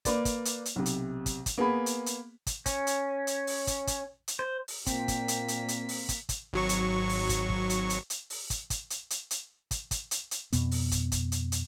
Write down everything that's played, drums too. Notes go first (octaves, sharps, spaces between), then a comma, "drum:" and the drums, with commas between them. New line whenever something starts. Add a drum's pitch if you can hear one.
A#3 B4 D5, drum: kick, hi-hat
drum: kick, hi-hat
drum: hi-hat
drum: hi-hat
B1 C3
drum: hi-hat
drum: kick, hi-hat
drum: kick, hi-hat
A#3 B3 G#4 B5
drum: hi-hat
drum: hi-hat
drum: kick, hi-hat
C#4, drum: kick, hi-hat
drum: hi-hat
drum: hi-hat
drum: open hi-hat
drum: kick, hi-hat
drum: kick, hi-hat
drum: hi-hat
C5
drum: open hi-hat
A#2 A#3 C4 G5 B6, drum: kick, hi-hat
drum: kick, hi-hat
drum: hi-hat
drum: hi-hat
drum: hi-hat
drum: open hi-hat
drum: kick, hi-hat
drum: kick, hi-hat
G#1 F#3 C#6
drum: hi-hat
drum: open hi-hat
drum: kick, hi-hat
drum: kick
drum: hi-hat
drum: hi-hat
drum: hi-hat
drum: open hi-hat
drum: kick, hi-hat
drum: kick, hi-hat
drum: hi-hat
drum: hi-hat
drum: hi-hat
drum: kick, hi-hat
drum: kick, hi-hat
drum: hi-hat
drum: hi-hat
F2 B2 B3, drum: hi-hat
drum: open hi-hat
drum: kick, hi-hat
drum: kick, hi-hat
drum: hi-hat
drum: hi-hat